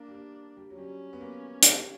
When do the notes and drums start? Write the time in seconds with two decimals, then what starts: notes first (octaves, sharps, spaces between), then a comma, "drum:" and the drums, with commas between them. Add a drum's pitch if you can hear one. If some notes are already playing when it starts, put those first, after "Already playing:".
Already playing: A#3 D4
0.08 G3
0.14 A#3
0.57 G3
0.70 F#3
0.77 G3 C#4
1.13 B3
1.21 A#3
1.63 G3, drum: hi-hat